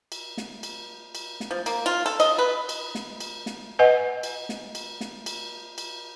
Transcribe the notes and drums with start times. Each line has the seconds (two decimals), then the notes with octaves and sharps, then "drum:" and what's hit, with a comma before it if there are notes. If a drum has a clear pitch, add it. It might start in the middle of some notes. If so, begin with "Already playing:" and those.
0.12 drum: cymbal
0.37 drum: snare
0.63 drum: cymbal
1.15 drum: cymbal
1.40 drum: snare
1.51 F3
1.66 A#3, drum: cymbal
1.86 F4
2.06 A4
2.20 D#5, drum: cymbal
2.38 B4
2.69 drum: cymbal
2.95 drum: snare
3.20 drum: cymbal
3.46 drum: snare
3.79 B4 D#5 F#5 G#5
4.23 drum: cymbal
4.49 drum: snare
4.75 drum: cymbal
5.01 drum: snare
5.26 drum: cymbal
5.78 drum: cymbal